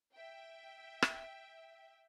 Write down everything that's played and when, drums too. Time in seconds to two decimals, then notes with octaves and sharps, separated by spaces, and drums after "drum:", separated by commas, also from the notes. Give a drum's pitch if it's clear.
0.14 E5 G5
1.02 drum: rim click